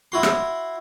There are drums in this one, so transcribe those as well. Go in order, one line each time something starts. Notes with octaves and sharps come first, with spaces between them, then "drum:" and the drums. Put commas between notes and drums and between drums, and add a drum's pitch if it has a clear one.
E4 F#4 C6
drum: rim click